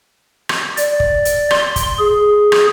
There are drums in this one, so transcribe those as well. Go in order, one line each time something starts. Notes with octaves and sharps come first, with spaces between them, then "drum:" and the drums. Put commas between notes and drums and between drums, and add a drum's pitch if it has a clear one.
drum: rim click
D5, drum: hi-hat
drum: kick
drum: hi-hat
C6, drum: rim click
drum: kick, hi-hat
G#4
drum: rim click